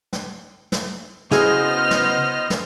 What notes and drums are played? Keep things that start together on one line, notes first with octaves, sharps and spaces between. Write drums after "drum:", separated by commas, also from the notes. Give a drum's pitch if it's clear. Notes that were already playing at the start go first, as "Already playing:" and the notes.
drum: snare
drum: snare
C#3 B3 E4 F#4 G#4 C5 D#5 F6, drum: snare
drum: snare
drum: snare